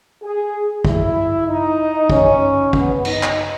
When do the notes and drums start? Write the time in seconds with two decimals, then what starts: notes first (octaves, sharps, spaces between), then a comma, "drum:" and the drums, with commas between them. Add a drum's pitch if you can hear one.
0.21 G#4
0.85 E4, drum: kick
1.47 D#4
2.10 C#4, drum: kick
2.73 B3, drum: kick
3.05 D#4, drum: cymbal
3.23 drum: clap